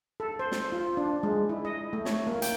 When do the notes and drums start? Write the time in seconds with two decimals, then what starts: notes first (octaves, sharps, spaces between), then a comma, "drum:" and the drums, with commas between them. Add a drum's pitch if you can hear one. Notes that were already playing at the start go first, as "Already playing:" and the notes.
0.20 A4
0.39 C5
0.52 drum: snare
0.72 F4
0.97 D4
1.23 G#3
1.49 E4
1.65 D#5
1.93 A3
2.05 C#5, drum: snare
2.27 A#3
2.42 G5, drum: hi-hat